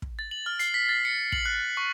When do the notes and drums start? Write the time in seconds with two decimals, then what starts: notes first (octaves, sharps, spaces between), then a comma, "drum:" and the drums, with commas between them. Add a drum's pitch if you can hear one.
0.02 drum: kick
0.19 A6
0.31 F#7
0.46 F6
0.59 C7, drum: hi-hat
0.74 B6
0.89 A6
1.05 C#7
1.32 F#7, drum: kick
1.45 F#6
1.77 C#6